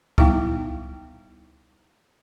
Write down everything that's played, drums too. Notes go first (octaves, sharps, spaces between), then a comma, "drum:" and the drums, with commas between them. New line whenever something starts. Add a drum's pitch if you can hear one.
G3 B3 D#4 E4 F5 G5, drum: kick C#2